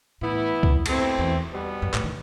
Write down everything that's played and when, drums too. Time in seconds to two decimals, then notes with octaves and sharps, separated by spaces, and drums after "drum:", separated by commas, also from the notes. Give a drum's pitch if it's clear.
0.21 A2 E3 B3 E4
0.63 drum: kick C2
0.86 B2 A3 C4 E4, drum: cymbal
1.18 E2
1.51 B2 G3 B3
1.82 F#2
1.93 A2, drum: clap
2.04 D#3